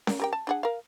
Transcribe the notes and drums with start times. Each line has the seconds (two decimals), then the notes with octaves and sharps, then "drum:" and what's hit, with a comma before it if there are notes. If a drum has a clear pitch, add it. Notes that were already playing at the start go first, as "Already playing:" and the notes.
0.07 A#3, drum: snare C#4
0.20 G4 A#4 G5
0.33 A5
0.47 D4 G#4 F#5
0.63 A#4 F5